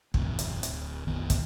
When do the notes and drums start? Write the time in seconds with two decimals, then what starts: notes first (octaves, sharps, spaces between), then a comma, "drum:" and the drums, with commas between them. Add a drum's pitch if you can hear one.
0.14 F#1 E2 A2 C3, drum: kick
0.39 drum: hi-hat
0.63 D1, drum: hi-hat
1.07 A#1 F2 D#3 B3
1.30 drum: kick, hi-hat